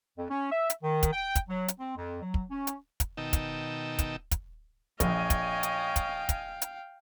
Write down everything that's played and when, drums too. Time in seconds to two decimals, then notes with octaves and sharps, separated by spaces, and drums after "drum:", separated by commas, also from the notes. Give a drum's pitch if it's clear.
0.17 F2
0.30 C#4
0.51 E5
0.70 drum: hi-hat
0.83 D#3
1.03 drum: kick, hi-hat
1.12 G5
1.35 drum: kick, hi-hat
1.48 F#3
1.68 drum: hi-hat
1.79 C4
1.96 F2
2.22 F#3
2.34 drum: kick
2.51 C#4
2.67 drum: hi-hat
3.00 drum: kick, hi-hat
3.17 B2 D#3 D#4 G5 A5 E6
3.33 drum: kick, hi-hat
3.99 drum: kick, hi-hat
4.31 drum: kick, hi-hat
5.00 A#1 C#5 D#5 F5 G5 G#5, drum: kick, hi-hat
5.30 drum: kick, hi-hat
5.63 drum: hi-hat
5.96 drum: kick, hi-hat
6.29 drum: kick, hi-hat
6.62 drum: hi-hat